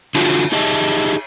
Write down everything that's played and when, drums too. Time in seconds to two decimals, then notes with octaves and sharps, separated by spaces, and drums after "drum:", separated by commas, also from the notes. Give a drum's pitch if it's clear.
0.15 D3 F4 F#4, drum: cymbal
0.52 D#4 G4 G#4 D#5 E5 A5